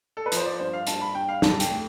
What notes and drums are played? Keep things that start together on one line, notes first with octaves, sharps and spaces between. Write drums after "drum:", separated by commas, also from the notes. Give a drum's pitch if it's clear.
A4
B4
F3 C5, drum: hi-hat
D5
G2 C5
F5
G2 A5, drum: hi-hat
B5
G2 G5
F5
F2 A5, drum: snare
G5, drum: hi-hat
A3